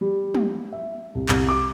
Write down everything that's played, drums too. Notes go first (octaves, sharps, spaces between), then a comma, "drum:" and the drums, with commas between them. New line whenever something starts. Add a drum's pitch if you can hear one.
G3
drum: tom
E5
C2
C2, drum: clap
D6